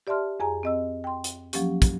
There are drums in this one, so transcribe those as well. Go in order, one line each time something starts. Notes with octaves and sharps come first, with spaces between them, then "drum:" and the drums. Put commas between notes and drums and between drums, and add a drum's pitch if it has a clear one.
G4 D5 E5 A5 C6 F6
F2 G#4 G#5 A#5
C4 D#5 E6
G5 C6
drum: hi-hat
F3 F#3 A#3 C#4 G4, drum: hi-hat
drum: kick, hi-hat